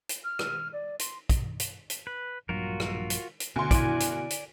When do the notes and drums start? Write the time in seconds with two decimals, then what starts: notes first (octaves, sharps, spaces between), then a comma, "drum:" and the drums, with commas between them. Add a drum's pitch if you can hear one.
0.09 drum: hi-hat
0.24 F6
0.39 drum: rim click
0.73 D5
0.99 C6, drum: hi-hat
1.29 drum: kick, hi-hat
1.60 drum: hi-hat
1.90 drum: hi-hat
2.07 B4
2.49 A#1 G2 F#3 F4 F#4 A#4
2.80 drum: rim click
3.10 drum: hi-hat
3.40 drum: hi-hat
3.56 D2 B2 C6
3.71 E4 D5 G#5, drum: kick, hi-hat
4.00 drum: hi-hat
4.30 drum: hi-hat